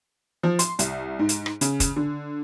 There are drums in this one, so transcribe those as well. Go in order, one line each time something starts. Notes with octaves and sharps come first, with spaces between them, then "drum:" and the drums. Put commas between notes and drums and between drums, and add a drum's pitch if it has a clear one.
F3
C6, drum: hi-hat
C2, drum: hi-hat
G#2
drum: hi-hat
drum: rim click
C#3, drum: hi-hat
drum: kick, hi-hat
D3